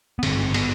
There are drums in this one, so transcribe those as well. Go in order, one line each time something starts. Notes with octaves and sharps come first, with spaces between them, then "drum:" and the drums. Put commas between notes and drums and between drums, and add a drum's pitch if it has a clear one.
B3
G#1 G2 D3 C4, drum: cymbal
B3, drum: cymbal